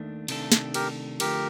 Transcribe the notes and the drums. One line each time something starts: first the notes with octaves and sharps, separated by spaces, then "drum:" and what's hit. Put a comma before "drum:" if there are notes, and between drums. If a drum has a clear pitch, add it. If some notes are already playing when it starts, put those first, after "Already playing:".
Already playing: D#2 D#3 A3 D4
C3 D#3 A3 D4 A4, drum: cymbal
drum: snare
G4 A#4, drum: cymbal
F2 D3 F3 A3 G4 A#4, drum: cymbal